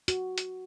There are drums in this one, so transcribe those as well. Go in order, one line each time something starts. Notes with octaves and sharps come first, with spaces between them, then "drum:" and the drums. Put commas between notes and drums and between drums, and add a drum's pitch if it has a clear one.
F#4, drum: hi-hat
drum: hi-hat